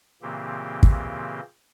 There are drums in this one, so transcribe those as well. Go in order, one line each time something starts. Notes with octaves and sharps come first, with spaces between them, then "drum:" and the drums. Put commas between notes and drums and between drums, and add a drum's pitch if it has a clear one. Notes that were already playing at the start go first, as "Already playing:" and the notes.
A#2 C#3 E3 A#3 C4 G4
drum: kick